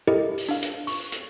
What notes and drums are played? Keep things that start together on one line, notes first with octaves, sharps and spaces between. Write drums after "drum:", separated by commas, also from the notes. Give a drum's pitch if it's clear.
E4 G4 A4 A#4 D#5
drum: open hi-hat
D4 F5
drum: hi-hat
C#6, drum: open hi-hat
drum: hi-hat